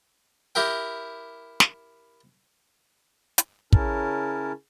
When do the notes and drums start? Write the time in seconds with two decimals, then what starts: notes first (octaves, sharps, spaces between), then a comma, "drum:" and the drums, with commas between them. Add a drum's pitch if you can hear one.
0.55 E4 G4 A#4 G5
1.60 drum: snare
3.38 drum: hi-hat
3.73 C#3 C#4 E4 A#4 A5, drum: kick